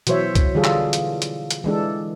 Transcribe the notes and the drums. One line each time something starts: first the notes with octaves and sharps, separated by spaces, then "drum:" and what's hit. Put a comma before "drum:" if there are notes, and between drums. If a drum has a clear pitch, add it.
B2 E3 F#3 C5 C#5 E5, drum: hi-hat
drum: kick C2, hi-hat
D3 E3 G3 F4 G#4 A4
drum: clap
drum: hi-hat
drum: hi-hat
drum: hi-hat
E3 G#3 D4 A4